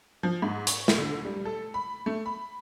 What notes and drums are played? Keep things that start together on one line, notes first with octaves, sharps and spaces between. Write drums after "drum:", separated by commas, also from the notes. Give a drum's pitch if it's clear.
F3
G#2
C#6, drum: hi-hat
drum: snare
D3
G3
A4
B5
A3
B5